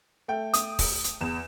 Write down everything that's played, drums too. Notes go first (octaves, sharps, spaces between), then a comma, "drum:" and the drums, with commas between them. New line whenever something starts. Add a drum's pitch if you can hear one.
A3 G5
D#6, drum: hi-hat
drum: kick, open hi-hat
drum: hi-hat
E2 E7